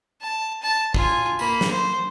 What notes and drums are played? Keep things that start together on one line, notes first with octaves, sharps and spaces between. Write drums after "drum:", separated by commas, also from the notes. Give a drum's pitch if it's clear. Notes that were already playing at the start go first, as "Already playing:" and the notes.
A5
A5
F4 G#5, drum: kick
A#3 B5, drum: tambourine
drum: snare
C5